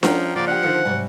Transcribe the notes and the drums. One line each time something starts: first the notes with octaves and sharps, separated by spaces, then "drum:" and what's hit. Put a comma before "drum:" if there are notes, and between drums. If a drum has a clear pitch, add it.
F3 G#3 B3 C#4 F#5 G5 A#5, drum: snare D4
C#3 F3 A#3 D5
D4 G4 F#5
D3 D#3 C4 F4 A4 C#7
G#2 C3 F#3 G3